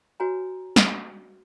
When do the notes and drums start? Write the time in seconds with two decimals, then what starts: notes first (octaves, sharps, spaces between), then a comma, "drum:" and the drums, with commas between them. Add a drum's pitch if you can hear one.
0.20 F#4 B4 C#5 G#5 A#5
0.76 drum: snare